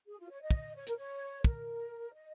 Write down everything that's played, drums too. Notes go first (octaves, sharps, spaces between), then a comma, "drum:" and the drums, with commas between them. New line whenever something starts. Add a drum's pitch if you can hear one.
G#4
F4
C#5
D#5
drum: kick
C#5
A#4, drum: hi-hat
C#5
A#4, drum: kick
D#5